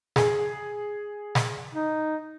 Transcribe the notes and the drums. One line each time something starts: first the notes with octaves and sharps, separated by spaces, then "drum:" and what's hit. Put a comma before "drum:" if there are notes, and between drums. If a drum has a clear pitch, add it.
G#4, drum: snare
drum: snare
D#4